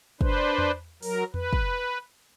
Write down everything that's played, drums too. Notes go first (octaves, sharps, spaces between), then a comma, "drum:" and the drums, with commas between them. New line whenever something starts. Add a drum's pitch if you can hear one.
D4 B4 C5, drum: kick
drum: tom E2
F#3 A#4, drum: open hi-hat
B4, drum: tom E2
drum: kick